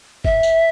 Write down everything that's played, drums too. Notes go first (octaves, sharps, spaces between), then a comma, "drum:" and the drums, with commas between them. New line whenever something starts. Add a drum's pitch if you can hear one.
E5, drum: kick
drum: tambourine